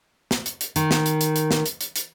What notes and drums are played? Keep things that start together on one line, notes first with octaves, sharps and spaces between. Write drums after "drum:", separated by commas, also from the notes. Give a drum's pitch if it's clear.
drum: snare
drum: hi-hat
drum: hi-hat
D#3, drum: hi-hat
drum: snare
drum: hi-hat
drum: hi-hat
drum: hi-hat
drum: snare
drum: hi-hat
drum: hi-hat
drum: hi-hat